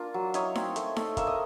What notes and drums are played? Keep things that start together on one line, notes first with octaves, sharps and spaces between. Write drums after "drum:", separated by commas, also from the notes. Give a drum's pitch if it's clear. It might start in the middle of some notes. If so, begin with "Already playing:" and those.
Already playing: A#3 D4 F4
F#3
E4 C#5 D#5, drum: hi-hat
C4, drum: snare D#4
A3, drum: hi-hat
A3, drum: snare D#4
A#3 E5, drum: kick G1, hi-hat
D#5